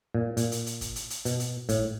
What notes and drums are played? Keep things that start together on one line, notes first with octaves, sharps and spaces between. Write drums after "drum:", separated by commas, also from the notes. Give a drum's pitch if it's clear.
A#2
A#2, drum: hi-hat
drum: hi-hat
drum: hi-hat
drum: kick, hi-hat
drum: hi-hat
drum: hi-hat
B2, drum: hi-hat
drum: hi-hat
A2, drum: kick, hi-hat